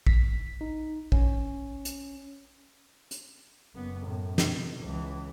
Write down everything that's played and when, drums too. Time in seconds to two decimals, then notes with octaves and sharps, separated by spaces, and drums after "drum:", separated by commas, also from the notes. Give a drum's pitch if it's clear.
0.07 B6, drum: kick A#1
0.61 D#4
1.12 C#4, drum: kick A#1
1.85 drum: hi-hat
3.11 drum: hi-hat
3.74 F#1 B3
4.06 F#2 A2
4.38 F1 B2, drum: snare
4.83 C#2 E3